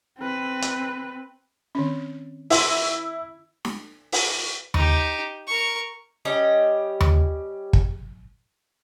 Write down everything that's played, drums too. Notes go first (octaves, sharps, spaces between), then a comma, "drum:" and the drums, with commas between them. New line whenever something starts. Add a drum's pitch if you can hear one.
C4 B4
drum: hi-hat
D#3 C4 C#4
E4 E5 C6, drum: open hi-hat
drum: snare
drum: open hi-hat
D#4 G4, drum: tom D#2
A#4 C#6
G3 C#4 G4 D#5
drum: tom D#2
drum: kick